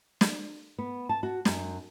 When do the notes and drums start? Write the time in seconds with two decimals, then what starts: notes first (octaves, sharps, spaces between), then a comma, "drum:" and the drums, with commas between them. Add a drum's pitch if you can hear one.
0.21 drum: snare
0.78 B3
1.09 A5
1.23 F#4
1.45 F#2, drum: snare